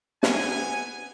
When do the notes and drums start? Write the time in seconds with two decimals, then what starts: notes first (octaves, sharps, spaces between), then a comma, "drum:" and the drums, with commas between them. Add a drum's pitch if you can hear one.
0.23 B3 G#5, drum: snare